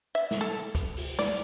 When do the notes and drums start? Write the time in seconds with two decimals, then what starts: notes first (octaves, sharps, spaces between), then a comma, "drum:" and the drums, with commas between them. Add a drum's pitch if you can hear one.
0.15 E5
0.31 drum: snare
0.41 A4
0.75 drum: kick, hi-hat
0.97 drum: open hi-hat
1.19 D5, drum: snare